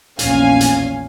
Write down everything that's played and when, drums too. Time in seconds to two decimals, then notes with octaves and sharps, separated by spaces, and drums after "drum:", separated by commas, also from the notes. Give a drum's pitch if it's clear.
0.19 A#1 E2 C#4 F5 G#5, drum: hi-hat
0.61 drum: hi-hat